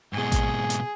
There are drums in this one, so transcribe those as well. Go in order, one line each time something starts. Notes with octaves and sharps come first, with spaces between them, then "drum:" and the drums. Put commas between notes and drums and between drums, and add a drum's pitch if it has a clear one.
G#2 B2 G#4
drum: kick A1, hi-hat
drum: hi-hat